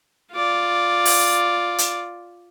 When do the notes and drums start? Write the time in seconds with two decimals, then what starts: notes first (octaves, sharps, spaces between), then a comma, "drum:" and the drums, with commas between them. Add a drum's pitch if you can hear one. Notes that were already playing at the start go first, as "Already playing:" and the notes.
0.32 F4 D5
1.05 drum: open hi-hat
1.78 drum: hi-hat